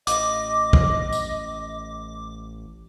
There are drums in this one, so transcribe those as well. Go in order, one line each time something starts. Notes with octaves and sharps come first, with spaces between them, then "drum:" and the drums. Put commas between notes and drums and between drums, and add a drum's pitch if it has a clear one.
A1 D#5 D6, drum: hi-hat
drum: kick
drum: tambourine